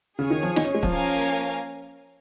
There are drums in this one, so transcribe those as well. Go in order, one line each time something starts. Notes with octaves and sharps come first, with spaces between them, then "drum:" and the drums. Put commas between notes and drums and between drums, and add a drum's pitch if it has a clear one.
C#3 G#4 C#5 G#5
D#3
F3
D#4, drum: snare
C#4
G#3
F3, drum: kick
A#3 C#4 A#4 F5 G#5